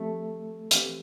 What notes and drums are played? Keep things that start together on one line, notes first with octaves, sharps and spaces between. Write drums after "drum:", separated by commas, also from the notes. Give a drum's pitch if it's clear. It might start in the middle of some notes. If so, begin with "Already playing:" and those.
Already playing: F3 A3 C4 G4
E3 A3 C4 G4 B4, drum: hi-hat